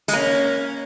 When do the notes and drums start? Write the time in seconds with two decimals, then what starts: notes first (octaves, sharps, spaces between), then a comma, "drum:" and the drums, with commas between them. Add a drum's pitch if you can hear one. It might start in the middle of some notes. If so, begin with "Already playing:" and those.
0.08 G#3, drum: hi-hat
0.13 A#3 C#4